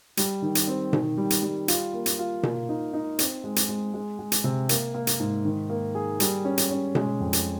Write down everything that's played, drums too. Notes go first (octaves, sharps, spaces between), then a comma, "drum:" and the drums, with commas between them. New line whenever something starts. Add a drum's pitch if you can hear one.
G3, drum: hi-hat
D#3
drum: hi-hat
C4
D#3, drum: tom B2
G3
drum: hi-hat
G3
F4, drum: hi-hat
A#3
drum: hi-hat
F4
A#3, drum: tom B2
D#4
D#4
C4, drum: hi-hat
G#3
drum: hi-hat
G#3
G#3
G#3
drum: hi-hat
C3
A#3, drum: hi-hat
A#3
drum: hi-hat
G#2
D#3
A#3
G#4
G3, drum: hi-hat
C#4
drum: hi-hat
C#4
G#3, drum: tom B2
F2
drum: hi-hat